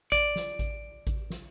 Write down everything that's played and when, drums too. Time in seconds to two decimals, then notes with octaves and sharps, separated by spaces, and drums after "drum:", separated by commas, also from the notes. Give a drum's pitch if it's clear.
0.12 D5, drum: kick A1, hi-hat
0.36 drum: snare
0.59 drum: kick A1, hi-hat
1.07 drum: kick A1, hi-hat
1.30 drum: snare